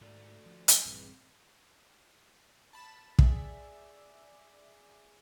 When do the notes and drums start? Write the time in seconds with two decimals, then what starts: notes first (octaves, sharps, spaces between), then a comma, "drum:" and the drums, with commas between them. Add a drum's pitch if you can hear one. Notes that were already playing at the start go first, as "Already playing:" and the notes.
0.01 G#2 A3 F#4 D5
0.46 F3
0.68 drum: hi-hat
0.85 A#1 G2 E3 C4 G#4 B4
2.73 A5 B5 E7
3.19 G#4 D5 E5, drum: kick